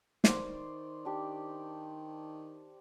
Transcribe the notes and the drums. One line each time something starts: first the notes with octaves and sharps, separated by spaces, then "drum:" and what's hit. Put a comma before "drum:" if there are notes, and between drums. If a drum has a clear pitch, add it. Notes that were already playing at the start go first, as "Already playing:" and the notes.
D#3 C5 D5, drum: snare
D4 G4